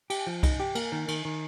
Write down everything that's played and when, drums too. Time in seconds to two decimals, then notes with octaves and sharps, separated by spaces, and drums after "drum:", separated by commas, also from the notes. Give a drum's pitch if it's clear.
0.10 G4, drum: cymbal
0.27 F3
0.43 D#4, drum: kick C2, cymbal
0.60 G4
0.75 A#3, drum: cymbal
0.92 D#3
1.08 D#3, drum: cymbal
1.25 D#3